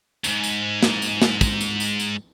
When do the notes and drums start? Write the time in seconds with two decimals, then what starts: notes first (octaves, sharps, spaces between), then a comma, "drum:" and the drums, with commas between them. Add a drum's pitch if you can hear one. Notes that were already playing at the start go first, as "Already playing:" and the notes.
0.24 D2 G#2, drum: tambourine
0.44 drum: tambourine
0.83 drum: snare
1.02 drum: tambourine
1.22 drum: snare
1.41 drum: kick, tambourine
1.61 drum: tambourine
1.80 drum: tambourine
2.00 drum: tambourine